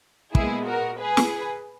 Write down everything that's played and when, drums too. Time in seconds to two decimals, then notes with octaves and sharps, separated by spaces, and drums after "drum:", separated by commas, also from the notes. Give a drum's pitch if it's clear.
0.35 A#2 G#3 B3 E4 G#4, drum: kick
0.66 F#4 A#4
0.99 G#4 B4
1.17 drum: snare